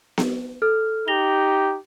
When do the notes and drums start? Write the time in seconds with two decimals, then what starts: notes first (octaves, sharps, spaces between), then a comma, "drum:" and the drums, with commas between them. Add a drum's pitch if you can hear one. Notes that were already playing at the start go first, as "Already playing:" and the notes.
0.18 drum: snare B3
0.62 A4 F6
1.08 D#4 G4 A#6 F7 G7